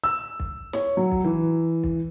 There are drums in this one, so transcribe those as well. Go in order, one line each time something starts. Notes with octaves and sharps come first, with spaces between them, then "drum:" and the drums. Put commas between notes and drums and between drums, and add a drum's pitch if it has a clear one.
E6
drum: kick
C#5, drum: snare
F#3
drum: kick
E3
drum: kick